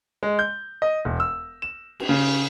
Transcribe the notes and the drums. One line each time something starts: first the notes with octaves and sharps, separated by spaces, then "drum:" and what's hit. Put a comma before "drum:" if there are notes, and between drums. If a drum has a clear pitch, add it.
G#3
G6
D#5
E1
E6
E7
drum: cymbal
C#3